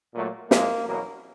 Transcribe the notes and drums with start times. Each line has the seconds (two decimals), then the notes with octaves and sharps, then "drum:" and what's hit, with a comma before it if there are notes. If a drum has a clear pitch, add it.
0.15 A#2 F#3 A3
0.51 A#2 F3 G#3 A#3, drum: snare
0.87 E2 B2 F#3 A#3